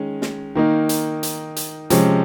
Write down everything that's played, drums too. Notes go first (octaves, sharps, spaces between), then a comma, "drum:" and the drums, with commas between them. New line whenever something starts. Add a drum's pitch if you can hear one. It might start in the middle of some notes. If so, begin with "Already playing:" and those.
Already playing: D#3 G#3 C#4
drum: snare
D#3 A#3 D#4
drum: hi-hat
drum: hi-hat
drum: hi-hat
C3 F3 G#3 C#4, drum: hi-hat